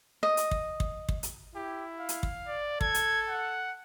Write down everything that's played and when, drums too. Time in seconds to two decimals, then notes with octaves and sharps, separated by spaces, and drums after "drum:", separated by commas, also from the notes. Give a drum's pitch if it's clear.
0.23 D#5
0.37 drum: hi-hat
0.51 drum: kick
0.80 drum: kick
1.09 drum: kick
1.23 drum: hi-hat
1.55 E4 G4
1.99 F5
2.09 drum: hi-hat
2.23 drum: kick
2.48 D5
2.81 A4 G#6, drum: kick
2.94 drum: hi-hat
3.29 F#5